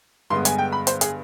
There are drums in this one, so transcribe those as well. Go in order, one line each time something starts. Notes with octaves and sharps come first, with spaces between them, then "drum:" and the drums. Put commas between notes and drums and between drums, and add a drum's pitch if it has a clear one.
G2 D3 G#3 B3 C6
G#5, drum: hi-hat
G5
B5
C5, drum: hi-hat
G#4, drum: hi-hat